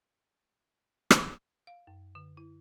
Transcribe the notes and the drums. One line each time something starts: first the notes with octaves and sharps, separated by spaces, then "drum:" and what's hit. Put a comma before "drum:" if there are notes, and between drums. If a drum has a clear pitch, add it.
drum: rim click
F5
F#2
D3
E4